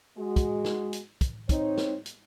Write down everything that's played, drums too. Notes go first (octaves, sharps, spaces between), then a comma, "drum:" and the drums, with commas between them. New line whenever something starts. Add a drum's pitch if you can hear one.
G#3 F#4
drum: kick, hi-hat
drum: snare
drum: hi-hat
drum: kick, hi-hat
C4 D#4 C#5, drum: kick, hi-hat
drum: snare
drum: hi-hat